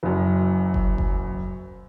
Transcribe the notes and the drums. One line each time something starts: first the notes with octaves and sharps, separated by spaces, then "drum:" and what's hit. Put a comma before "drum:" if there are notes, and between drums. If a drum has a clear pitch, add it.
F#1 F#2
drum: kick F#1
drum: kick F#1